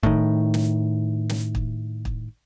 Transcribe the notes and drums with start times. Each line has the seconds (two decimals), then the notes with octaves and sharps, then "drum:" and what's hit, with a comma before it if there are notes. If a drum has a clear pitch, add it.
0.03 A2 D#3, drum: kick
0.54 drum: snare
1.29 drum: snare
1.55 drum: kick
2.05 drum: kick